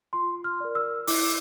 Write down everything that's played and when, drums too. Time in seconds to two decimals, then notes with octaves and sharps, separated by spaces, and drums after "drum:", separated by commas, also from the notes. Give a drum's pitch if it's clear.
0.13 F4 C6
0.44 F6
0.60 A#4 D5
0.75 E6
1.07 E4 D6, drum: open hi-hat